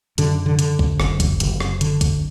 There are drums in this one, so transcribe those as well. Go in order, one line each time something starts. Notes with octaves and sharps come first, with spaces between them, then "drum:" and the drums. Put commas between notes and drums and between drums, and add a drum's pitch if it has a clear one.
F#2 D3, drum: hi-hat
D3
D3, drum: hi-hat
drum: kick
F#1, drum: rim click
drum: kick, hi-hat
F#1, drum: hi-hat
drum: rim click
D3, drum: hi-hat
drum: kick, hi-hat